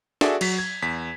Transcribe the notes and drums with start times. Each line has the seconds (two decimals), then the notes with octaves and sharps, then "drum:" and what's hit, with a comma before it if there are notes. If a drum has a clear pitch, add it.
0.21 F#4 G#4 A4 D5 E5, drum: snare
0.41 F#3 B6, drum: cymbal
0.58 G#6
0.82 E2 B6